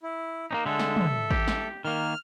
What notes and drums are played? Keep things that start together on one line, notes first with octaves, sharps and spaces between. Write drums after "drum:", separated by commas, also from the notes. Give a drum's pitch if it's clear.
E4
A#3 C#4 D#4
D3 G#3 A4 E5
drum: snare
drum: tom
G4, drum: kick A1
drum: snare
D#3 A#3 F6